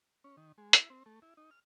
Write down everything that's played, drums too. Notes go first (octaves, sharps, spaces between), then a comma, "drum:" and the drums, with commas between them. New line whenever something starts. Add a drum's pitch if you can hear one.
C#4
D#3
G#3
E4, drum: hi-hat
C4
A3
E4
D#4
F6